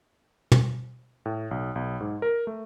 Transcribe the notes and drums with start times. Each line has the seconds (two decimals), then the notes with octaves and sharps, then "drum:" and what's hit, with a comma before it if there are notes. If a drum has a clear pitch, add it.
0.52 drum: tom
1.26 A2
1.51 B1
1.75 B1
2.00 G#2
2.22 A#4
2.47 A3